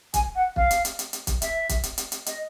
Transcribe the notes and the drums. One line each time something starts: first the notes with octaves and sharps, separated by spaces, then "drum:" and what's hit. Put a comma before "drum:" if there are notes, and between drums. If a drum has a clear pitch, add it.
G#5, drum: kick, hi-hat
F#5
F5, drum: kick
drum: hi-hat
drum: hi-hat
drum: hi-hat
drum: hi-hat
drum: kick, hi-hat
E5, drum: hi-hat
drum: kick, hi-hat
drum: hi-hat
drum: hi-hat
drum: hi-hat
D#5, drum: hi-hat